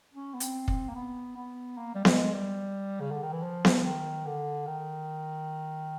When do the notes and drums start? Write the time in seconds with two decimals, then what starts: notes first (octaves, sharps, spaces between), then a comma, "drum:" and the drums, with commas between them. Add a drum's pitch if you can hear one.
0.13 C#4
0.34 B3
0.40 C4, drum: hi-hat
0.68 C4, drum: kick
0.89 A#3
0.95 B3
1.37 B3
1.78 A#3
1.95 G3
2.05 G#3, drum: snare B3
2.33 G3
3.01 C#3
3.11 D3
3.22 D#3
3.32 E3
3.43 F3
3.65 drum: snare B3
3.84 D#3
4.26 D3
4.67 D#3